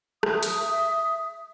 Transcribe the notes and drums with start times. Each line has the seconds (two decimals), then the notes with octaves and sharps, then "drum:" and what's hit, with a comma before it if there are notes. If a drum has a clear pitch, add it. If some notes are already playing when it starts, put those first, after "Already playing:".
0.23 E5 D#6, drum: rim click
0.43 drum: hi-hat